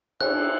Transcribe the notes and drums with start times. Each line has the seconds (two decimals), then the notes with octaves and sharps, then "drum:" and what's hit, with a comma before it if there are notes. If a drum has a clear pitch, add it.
0.21 F#4 B4 E5 F#6, drum: cymbal